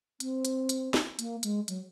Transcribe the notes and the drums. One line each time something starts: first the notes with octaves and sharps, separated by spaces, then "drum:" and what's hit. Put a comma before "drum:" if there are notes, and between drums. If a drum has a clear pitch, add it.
C4, drum: hi-hat
drum: hi-hat
drum: hi-hat
drum: snare
A#3, drum: hi-hat
G#3, drum: hi-hat
F#3, drum: hi-hat